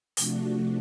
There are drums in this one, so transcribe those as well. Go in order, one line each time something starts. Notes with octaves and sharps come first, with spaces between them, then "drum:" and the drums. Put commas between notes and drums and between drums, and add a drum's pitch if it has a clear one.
C3 F3 A3 D4 F#4, drum: open hi-hat